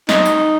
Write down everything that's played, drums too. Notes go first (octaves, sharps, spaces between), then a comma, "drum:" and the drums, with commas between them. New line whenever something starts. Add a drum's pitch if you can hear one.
D#4, drum: snare
drum: tambourine